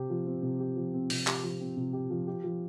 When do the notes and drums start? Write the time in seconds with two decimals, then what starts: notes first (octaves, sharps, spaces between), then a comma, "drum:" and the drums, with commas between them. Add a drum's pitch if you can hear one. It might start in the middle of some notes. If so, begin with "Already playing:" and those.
Already playing: C3 C4 G4
0.10 F3
0.26 C4
0.43 C3
0.60 G4
0.76 F3
0.94 C4
1.10 C3, drum: open hi-hat
1.27 G4, drum: clap
1.43 F3
1.60 C4
1.77 C3
1.93 G4
2.10 F3
2.27 G4
2.44 F3